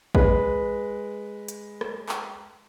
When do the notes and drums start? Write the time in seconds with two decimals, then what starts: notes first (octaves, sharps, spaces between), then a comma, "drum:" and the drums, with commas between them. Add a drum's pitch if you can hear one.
0.15 G#3 B4, drum: kick A1
1.48 drum: hi-hat
1.81 drum: rim click
2.09 drum: clap